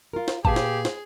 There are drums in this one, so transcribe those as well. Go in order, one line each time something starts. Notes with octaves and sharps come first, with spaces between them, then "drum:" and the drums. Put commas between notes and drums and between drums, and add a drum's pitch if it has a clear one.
F4 A#4
drum: snare
A#2 G4 G#4 B4 A5, drum: kick
drum: snare
drum: snare